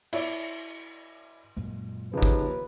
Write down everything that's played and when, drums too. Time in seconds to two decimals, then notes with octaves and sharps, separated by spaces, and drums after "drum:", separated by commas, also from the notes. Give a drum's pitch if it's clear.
0.13 E4 C#5 D5, drum: cymbal
1.57 F#2 A#2 G#3
2.13 D#2 C#3 F3 A#3 D#4 B4
2.22 drum: kick G1